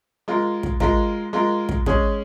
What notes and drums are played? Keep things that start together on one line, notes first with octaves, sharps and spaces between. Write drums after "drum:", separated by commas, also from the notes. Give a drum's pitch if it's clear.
G#3 F4 A#4
drum: kick
G#3 F4 A#4, drum: kick
G#3 F4 A#4
drum: kick
G#3 C#4 G#4, drum: kick